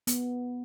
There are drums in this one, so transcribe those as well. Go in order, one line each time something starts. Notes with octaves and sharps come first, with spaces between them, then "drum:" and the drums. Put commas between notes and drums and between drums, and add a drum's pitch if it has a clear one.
B3, drum: hi-hat